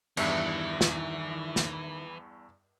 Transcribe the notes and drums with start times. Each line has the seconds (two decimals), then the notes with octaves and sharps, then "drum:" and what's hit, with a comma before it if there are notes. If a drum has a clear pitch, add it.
0.17 E2 G2 D#3 E3 E4 E5, drum: cymbal
0.81 drum: snare
1.56 drum: snare